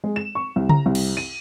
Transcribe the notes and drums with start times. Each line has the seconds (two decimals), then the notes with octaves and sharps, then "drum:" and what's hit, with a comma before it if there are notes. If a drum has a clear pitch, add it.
0.04 G#3
0.16 E7
0.35 C#6
0.56 C2
0.69 A#5, drum: tom C#3
0.86 C2
0.95 drum: cymbal
1.17 D#7